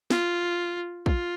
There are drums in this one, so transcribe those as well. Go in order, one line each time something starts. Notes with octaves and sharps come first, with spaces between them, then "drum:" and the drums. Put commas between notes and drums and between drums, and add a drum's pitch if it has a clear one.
F4, drum: snare
F4, drum: kick